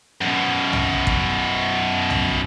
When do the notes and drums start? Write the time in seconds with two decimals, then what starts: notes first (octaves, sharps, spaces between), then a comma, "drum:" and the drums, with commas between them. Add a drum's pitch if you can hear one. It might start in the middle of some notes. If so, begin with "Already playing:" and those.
0.21 F#2 B2
0.72 drum: tom B1
1.07 drum: kick
2.10 drum: tom B1